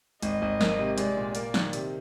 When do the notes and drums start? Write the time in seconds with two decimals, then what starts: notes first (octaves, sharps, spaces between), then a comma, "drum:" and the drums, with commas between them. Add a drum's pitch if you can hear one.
0.22 G#1 D#5, drum: hi-hat
0.42 G#1
0.61 A#3, drum: snare
0.79 C3
0.98 G#3 D5, drum: hi-hat
1.17 A#2
1.35 A#3 D5, drum: hi-hat
1.54 D#3, drum: snare
1.73 C3, drum: hi-hat